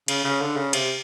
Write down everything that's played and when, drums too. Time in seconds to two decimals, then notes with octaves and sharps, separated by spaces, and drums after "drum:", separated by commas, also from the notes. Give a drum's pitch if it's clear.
0.08 C#3, drum: cymbal
0.24 C#3
0.41 D3
0.56 C#3
0.73 C3, drum: cymbal